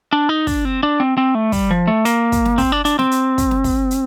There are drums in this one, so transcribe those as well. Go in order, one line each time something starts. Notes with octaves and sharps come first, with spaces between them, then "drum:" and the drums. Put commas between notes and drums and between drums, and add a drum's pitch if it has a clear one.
D4
D#4
D4, drum: kick, open hi-hat
C4
D4
C4
C4
A3
G3, drum: kick, open hi-hat
F3
A3
A#3, drum: hi-hat
drum: kick, hi-hat
drum: snare
C4, drum: kick, open hi-hat
D4
D4, drum: hi-hat
C4, drum: snare
drum: hi-hat
drum: kick, hi-hat
drum: snare
drum: kick, open hi-hat
drum: hi-hat